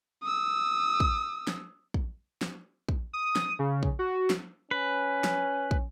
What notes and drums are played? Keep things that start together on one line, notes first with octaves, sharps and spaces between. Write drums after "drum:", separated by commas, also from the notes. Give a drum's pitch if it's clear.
D#6 E6
drum: kick
drum: snare
drum: kick
drum: snare
drum: kick
D#6
drum: snare
C#3
drum: kick
F#4
drum: snare
C#4 B4
drum: snare
drum: kick